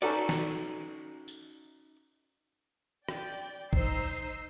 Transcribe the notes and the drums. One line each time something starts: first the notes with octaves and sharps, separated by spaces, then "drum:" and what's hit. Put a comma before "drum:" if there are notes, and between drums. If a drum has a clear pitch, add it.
C#4 D#4 F#4 A4 B4 D5, drum: cymbal
drum: snare
drum: tambourine
D5 G5, drum: rim click
D#4 C5 E6 C7, drum: kick A#1